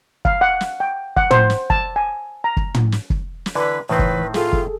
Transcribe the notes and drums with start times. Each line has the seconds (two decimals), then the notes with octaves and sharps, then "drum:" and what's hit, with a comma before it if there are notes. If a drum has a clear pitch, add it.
0.25 F5, drum: kick
0.41 F#5
0.61 drum: snare
0.80 G5
1.17 F#5, drum: kick
1.31 C5, drum: tom
1.50 drum: snare
1.70 A5, drum: kick
1.96 G#5
2.44 A#5
2.57 drum: kick
2.74 drum: tom
2.92 drum: snare
3.10 drum: kick
3.46 drum: snare
3.55 D3 E3 B4 D5
3.89 C#2 A2 D#3 E3 C4 B4 C#5
3.99 drum: kick
4.34 F4 G#4 A4, drum: snare
4.53 drum: kick